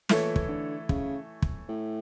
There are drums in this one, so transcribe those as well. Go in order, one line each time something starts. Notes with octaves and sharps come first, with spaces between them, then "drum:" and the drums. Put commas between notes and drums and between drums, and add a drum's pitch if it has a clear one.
A#2 E3 A3 E4 A4 C#5, drum: snare
drum: kick
D3
C#3, drum: kick
drum: kick
A2